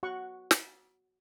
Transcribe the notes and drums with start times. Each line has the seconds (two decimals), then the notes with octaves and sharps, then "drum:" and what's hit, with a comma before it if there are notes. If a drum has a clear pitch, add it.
0.03 F#4 F#5 C#6
0.51 drum: snare